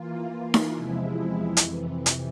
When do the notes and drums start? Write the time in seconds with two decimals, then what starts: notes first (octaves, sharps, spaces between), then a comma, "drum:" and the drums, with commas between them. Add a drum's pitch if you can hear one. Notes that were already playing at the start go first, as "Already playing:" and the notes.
Already playing: E3 A#3 F4
0.54 drum: snare D#4
0.72 E2 C3 F3 G#3 E4
1.57 F2 C3 E3, drum: hi-hat
2.06 drum: hi-hat